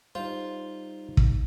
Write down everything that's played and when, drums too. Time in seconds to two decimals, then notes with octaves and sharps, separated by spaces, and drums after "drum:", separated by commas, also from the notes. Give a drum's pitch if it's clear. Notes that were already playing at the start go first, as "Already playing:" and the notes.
0.15 G3 D#4 F4 C5
1.17 drum: kick